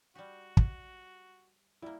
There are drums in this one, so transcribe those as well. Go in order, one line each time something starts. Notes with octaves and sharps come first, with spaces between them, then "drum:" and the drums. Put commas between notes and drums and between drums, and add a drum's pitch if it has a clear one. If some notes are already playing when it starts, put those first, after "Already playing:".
G3 F#4 G4
drum: kick
G3 A#3 E4